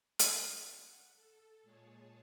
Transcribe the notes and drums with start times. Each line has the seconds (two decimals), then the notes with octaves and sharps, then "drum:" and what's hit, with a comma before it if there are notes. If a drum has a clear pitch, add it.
0.19 F#5, drum: hi-hat
1.15 A4
1.63 A#2 G#3 G#4 C#5 A5